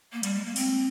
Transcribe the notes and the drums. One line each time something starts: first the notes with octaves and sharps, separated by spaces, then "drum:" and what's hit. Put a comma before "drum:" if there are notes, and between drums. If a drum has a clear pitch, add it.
A#3
G3, drum: hi-hat
G#3
A#3
C4, drum: open hi-hat